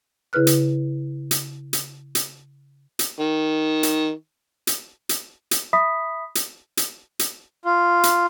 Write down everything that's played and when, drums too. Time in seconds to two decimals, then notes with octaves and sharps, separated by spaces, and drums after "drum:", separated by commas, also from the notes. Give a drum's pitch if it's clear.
0.33 C#3 E4 G#4 B4 F6 F#6
0.47 drum: hi-hat
1.31 drum: hi-hat
1.73 drum: hi-hat
2.15 drum: hi-hat
2.99 drum: hi-hat
3.20 D#3
3.83 drum: hi-hat
4.67 drum: hi-hat
5.09 drum: hi-hat
5.51 drum: hi-hat
5.73 E5 B5 D#6 B6
6.35 drum: hi-hat
6.77 drum: hi-hat
7.19 drum: hi-hat
7.65 F4
8.03 drum: hi-hat